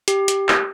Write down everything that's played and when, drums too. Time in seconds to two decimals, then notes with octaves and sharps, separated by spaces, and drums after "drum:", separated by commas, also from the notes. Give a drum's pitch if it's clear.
0.08 G4, drum: hi-hat
0.28 drum: hi-hat
0.48 drum: clap